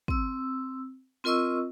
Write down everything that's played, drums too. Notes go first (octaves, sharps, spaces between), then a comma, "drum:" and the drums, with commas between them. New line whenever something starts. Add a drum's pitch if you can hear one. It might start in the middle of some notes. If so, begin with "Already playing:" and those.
C4 E6, drum: kick
C4 F4 A#4 D#5 C#6 E6